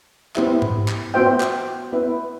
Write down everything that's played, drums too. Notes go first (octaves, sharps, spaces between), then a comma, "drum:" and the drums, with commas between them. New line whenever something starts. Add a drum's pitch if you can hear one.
B3 E4 G4 C5 E5, drum: clap
drum: tom G#2
drum: clap
B3 F#4 C5 E5 G5
drum: clap
B3 E4 B4 E5